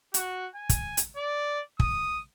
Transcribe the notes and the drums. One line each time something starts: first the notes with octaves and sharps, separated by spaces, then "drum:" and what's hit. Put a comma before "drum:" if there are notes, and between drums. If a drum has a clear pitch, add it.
F#4, drum: hi-hat
G#5
drum: kick, hi-hat
drum: hi-hat
D5
D#6, drum: kick